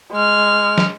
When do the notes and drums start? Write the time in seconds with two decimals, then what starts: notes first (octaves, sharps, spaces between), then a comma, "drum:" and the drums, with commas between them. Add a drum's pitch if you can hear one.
0.12 G#3 F6
0.78 drum: snare